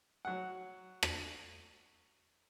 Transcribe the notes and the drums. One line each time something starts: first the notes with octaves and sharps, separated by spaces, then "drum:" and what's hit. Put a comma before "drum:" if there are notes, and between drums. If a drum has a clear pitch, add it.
F#3 F#5
drum: rim click